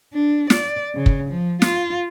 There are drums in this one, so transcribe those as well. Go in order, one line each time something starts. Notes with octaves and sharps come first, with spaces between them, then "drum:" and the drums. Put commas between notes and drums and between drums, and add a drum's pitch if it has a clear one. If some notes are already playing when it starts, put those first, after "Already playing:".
D4
D5, drum: snare
C#3
drum: kick
F3
F4, drum: snare